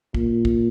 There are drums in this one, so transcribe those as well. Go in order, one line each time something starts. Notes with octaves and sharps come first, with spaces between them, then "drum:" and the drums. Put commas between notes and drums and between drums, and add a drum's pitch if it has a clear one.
A#2, drum: kick
drum: kick